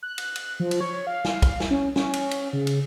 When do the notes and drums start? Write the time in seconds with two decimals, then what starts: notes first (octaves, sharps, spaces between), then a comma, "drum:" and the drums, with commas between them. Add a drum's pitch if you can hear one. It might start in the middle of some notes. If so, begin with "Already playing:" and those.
0.03 F#6
0.18 drum: cymbal
0.36 drum: cymbal
0.60 F3
0.71 drum: cymbal
0.80 C#5
1.07 F5
1.25 drum: snare
1.42 drum: kick, cymbal
1.60 drum: snare
1.71 C#4
1.96 C#4, drum: snare
2.14 drum: cymbal
2.31 drum: cymbal
2.53 C#3
2.67 drum: cymbal